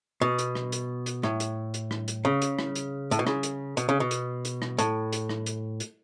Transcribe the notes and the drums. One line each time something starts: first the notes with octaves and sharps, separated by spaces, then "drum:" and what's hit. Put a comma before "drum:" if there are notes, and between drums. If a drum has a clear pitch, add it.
B2
drum: hi-hat
drum: rim click
drum: hi-hat
drum: hi-hat
A2, drum: rim click
drum: hi-hat
drum: hi-hat
drum: rim click
drum: hi-hat
C#3
drum: hi-hat
drum: rim click
drum: hi-hat
A2, drum: hi-hat
B2
C#3, drum: rim click
drum: hi-hat
B2, drum: hi-hat
C#3
B2
drum: hi-hat
drum: hi-hat
drum: rim click
A2, drum: hi-hat
drum: hi-hat
drum: rim click
drum: hi-hat
drum: hi-hat